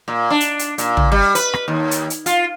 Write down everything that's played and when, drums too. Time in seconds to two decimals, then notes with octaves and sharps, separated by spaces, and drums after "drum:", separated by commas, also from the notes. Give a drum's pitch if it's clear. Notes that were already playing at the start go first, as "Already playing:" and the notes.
0.08 A#2
0.30 D4
0.40 drum: hi-hat
0.59 drum: hi-hat
0.78 A#2, drum: hi-hat
0.97 drum: tom
1.12 G3
1.35 B4, drum: hi-hat
1.54 drum: rim click
1.68 D#2
1.91 drum: hi-hat
2.10 drum: hi-hat
2.26 F4, drum: hi-hat